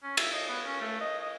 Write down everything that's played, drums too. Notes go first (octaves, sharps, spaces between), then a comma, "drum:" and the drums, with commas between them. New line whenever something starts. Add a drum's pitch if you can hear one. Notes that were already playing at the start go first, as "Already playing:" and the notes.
C#4
E5, drum: cymbal
D#5
B3
C#4
A3
D#5
D#5